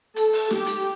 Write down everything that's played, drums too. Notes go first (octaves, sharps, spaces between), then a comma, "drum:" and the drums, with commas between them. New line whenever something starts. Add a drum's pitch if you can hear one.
A4, drum: hi-hat
drum: open hi-hat
G4, drum: snare
drum: hi-hat